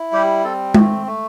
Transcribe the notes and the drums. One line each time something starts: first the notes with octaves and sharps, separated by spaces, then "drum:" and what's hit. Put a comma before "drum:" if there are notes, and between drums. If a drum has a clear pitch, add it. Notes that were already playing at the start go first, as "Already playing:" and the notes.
Already playing: E4
G3 G4
C4 A4
A3, drum: tom G#3
A3